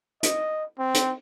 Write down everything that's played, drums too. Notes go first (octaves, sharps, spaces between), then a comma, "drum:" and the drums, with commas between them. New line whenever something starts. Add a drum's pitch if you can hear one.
D#5, drum: hi-hat
C4
drum: hi-hat